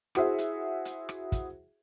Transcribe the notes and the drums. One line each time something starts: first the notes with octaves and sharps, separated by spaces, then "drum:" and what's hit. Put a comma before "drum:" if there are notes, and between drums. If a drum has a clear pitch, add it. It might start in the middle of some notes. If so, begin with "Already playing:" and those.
E4 F#4 G#4 C5 E5, drum: rim click
drum: hi-hat
drum: hi-hat
drum: rim click
drum: kick, hi-hat